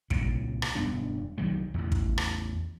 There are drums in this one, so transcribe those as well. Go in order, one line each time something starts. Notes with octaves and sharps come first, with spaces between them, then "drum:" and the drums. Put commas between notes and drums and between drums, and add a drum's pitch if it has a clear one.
C2 A#2 C#3, drum: kick
drum: rim click
E1 G2 B3 D4
C2 D#3 F#3 G3
A1 E2
drum: kick
drum: rim click